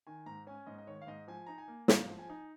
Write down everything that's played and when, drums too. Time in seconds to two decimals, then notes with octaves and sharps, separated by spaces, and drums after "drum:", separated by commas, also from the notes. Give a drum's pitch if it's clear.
0.07 D#3 G#5
0.26 G#2 A#5
0.47 C#4 G#5
0.67 G#2 D#5
0.78 D#5
0.87 D#3 C#5
1.02 F5
1.07 G#2 D#5
1.28 F3 G#5
1.47 D#4 A#5
1.58 G#5
1.68 A#3
1.88 G#2 F5, drum: snare
2.09 F3
2.19 G#5
2.30 D#4